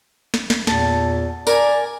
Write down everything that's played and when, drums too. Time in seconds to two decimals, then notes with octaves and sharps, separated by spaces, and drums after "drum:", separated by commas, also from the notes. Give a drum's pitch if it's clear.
0.34 drum: snare
0.50 drum: snare
0.67 E2 A#2 A5, drum: snare
1.47 A#4 D5 G#5, drum: tambourine